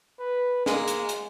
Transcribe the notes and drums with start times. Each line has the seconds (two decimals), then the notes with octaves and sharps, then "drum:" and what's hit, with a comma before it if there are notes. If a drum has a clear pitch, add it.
0.19 B4
0.66 G#3 A#3, drum: snare
0.88 drum: hi-hat
1.09 drum: hi-hat